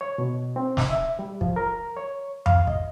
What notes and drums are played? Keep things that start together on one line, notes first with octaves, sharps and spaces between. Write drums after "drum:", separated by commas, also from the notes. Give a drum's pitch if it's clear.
C#5
B2
C4
drum: snare
E5
G3
F3, drum: kick
A#4
C#5
F5, drum: tom F2
D#5, drum: kick